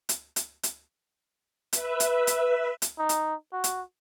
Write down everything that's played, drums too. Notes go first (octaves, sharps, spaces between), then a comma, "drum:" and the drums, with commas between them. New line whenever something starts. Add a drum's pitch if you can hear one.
drum: hi-hat
drum: hi-hat
drum: hi-hat
B4 E5, drum: hi-hat
drum: hi-hat
drum: hi-hat
drum: hi-hat
D#4
drum: hi-hat
F#4
drum: hi-hat